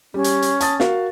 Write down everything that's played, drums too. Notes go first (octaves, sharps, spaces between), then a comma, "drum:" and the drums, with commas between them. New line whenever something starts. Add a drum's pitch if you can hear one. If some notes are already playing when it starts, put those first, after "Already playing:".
G3 C#4
drum: hi-hat
drum: hi-hat
A5 D#6 A6, drum: hi-hat
F#4 A#4 F5, drum: snare